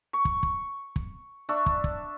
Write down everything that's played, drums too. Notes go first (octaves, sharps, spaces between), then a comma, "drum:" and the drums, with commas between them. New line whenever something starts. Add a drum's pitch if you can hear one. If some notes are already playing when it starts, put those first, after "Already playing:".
C#6
drum: kick
drum: kick
drum: kick
D4 E5 C#6
drum: kick
drum: kick